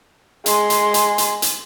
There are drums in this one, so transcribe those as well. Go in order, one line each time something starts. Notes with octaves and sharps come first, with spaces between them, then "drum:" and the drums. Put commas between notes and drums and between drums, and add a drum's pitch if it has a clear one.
G#3 C6, drum: hi-hat
drum: hi-hat
drum: hi-hat
drum: hi-hat
drum: hi-hat